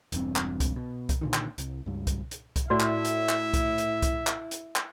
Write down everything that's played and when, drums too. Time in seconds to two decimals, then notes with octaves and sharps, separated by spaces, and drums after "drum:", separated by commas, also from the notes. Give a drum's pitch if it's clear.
0.12 E1 E2 G2 C4, drum: hi-hat
0.36 drum: clap
0.60 drum: kick C2, hi-hat
0.76 B2
1.09 drum: kick C2, hi-hat
1.21 A#2 D3 D#3
1.34 drum: clap
1.58 C2, drum: hi-hat
1.86 C#2 G2
2.07 drum: kick C2, hi-hat
2.31 drum: hi-hat
2.56 drum: kick C2, hi-hat
2.70 A2 E4 F#4 D5 E5
2.80 drum: clap
3.05 drum: hi-hat
3.29 drum: clap
3.54 drum: kick C2, hi-hat
3.78 drum: hi-hat
4.02 drum: kick C2, hi-hat
4.27 drum: clap
4.51 drum: hi-hat
4.76 drum: clap